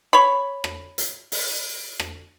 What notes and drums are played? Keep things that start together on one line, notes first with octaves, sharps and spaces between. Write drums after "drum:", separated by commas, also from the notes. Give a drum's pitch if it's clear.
C#5 B5
drum: rim click
drum: hi-hat
drum: open hi-hat
drum: rim click